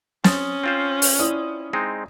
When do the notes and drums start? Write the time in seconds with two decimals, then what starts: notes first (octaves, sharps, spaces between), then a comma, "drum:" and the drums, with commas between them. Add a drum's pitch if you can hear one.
0.24 C#4 C6 D#6 A6, drum: snare
0.64 C4 F4 C5
1.02 drum: open hi-hat
1.19 E4 D5 D#6
1.73 G#3 C4 D#4